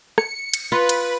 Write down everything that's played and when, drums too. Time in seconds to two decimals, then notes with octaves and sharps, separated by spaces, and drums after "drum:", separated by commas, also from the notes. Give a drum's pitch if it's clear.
0.18 C#7, drum: rim click
0.54 drum: cymbal
0.72 F4 B4
0.89 drum: cymbal